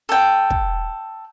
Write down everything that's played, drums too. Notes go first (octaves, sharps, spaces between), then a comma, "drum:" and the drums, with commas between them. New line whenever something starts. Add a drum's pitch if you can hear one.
A4 G5
drum: kick